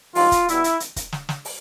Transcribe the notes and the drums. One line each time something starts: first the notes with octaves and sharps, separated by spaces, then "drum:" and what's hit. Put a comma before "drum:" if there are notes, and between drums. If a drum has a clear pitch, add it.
G2 D#3 F#3 F4, drum: open hi-hat
drum: kick, hi-hat
B2 G3 E4, drum: hi-hat
drum: hi-hat
drum: hi-hat
drum: kick, hi-hat
drum: snare
drum: snare
drum: open hi-hat